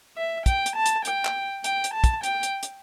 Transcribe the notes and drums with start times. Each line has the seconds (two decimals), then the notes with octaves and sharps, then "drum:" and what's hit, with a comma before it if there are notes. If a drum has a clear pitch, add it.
0.17 E5
0.46 G5, drum: kick, hi-hat
0.66 drum: hi-hat
0.76 A5
0.86 drum: hi-hat
1.05 G5, drum: hi-hat
1.25 drum: clap
1.64 G5, drum: hi-hat
1.84 drum: hi-hat
1.94 A5
2.04 drum: kick, hi-hat
2.23 G5, drum: hi-hat
2.43 drum: hi-hat
2.63 drum: hi-hat